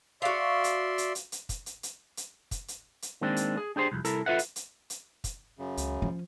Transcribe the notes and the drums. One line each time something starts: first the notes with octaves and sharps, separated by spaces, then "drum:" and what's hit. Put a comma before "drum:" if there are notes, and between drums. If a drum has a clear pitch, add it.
F#4 D5 E5 F5 C6
drum: hi-hat
drum: hi-hat
drum: hi-hat
drum: hi-hat
drum: kick, hi-hat
drum: hi-hat
drum: hi-hat
drum: hi-hat
drum: kick, hi-hat
drum: hi-hat
drum: hi-hat
D#3 G#3 A#3 C4 D4
drum: hi-hat
G#4
D4 G4 G#4 C5
C2 F2
C2 E4 A4 A#4, drum: hi-hat
F4 A4 B4 E5 F#5
drum: hi-hat
drum: hi-hat
drum: hi-hat
drum: kick, hi-hat
F#2 C#3
C#2, drum: hi-hat
F3 C#4